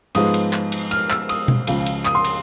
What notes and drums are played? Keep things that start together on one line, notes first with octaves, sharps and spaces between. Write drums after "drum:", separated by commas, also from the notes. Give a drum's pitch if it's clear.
G#2 F3 G#3 B3 D#6, drum: cymbal
drum: cymbal
drum: clap
drum: cymbal
F6, drum: cymbal
E6, drum: clap
D#6, drum: cymbal
drum: tom B2
C#2 C#3 F3, drum: cymbal
drum: cymbal
D#6, drum: clap
C6
drum: cymbal